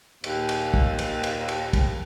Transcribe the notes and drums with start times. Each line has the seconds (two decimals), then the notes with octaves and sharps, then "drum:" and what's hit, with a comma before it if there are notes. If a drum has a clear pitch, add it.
0.24 D#2 A#2, drum: cymbal
0.49 drum: cymbal
0.74 drum: kick
0.99 drum: cymbal
1.23 drum: cymbal
1.48 drum: cymbal
1.73 drum: kick, cymbal